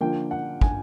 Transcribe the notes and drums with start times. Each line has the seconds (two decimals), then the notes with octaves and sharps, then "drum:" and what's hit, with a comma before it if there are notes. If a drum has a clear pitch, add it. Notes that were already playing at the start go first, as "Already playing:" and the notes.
0.01 D3 F3 A#3 G5
0.31 F#5
0.61 G#5, drum: kick